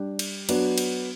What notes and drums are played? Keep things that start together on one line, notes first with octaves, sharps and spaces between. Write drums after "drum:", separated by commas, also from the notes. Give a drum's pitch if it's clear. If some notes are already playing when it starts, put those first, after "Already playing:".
Already playing: G3 D4 G4
drum: cymbal
F#3 B3 D4 F#4, drum: cymbal
drum: cymbal